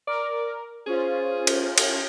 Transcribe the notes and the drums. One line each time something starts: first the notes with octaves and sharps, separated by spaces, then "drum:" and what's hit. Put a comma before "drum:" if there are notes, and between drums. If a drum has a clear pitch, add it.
A#4 D5
C#4 F4 G#4 C5
drum: cymbal
drum: cymbal